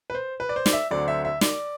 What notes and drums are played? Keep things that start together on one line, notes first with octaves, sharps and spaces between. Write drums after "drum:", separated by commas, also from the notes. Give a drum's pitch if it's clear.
B4
C5
B4
D5
C5
D5, drum: snare
E5
D2 D3 F#3 C4 D5
E5
E5
D5, drum: snare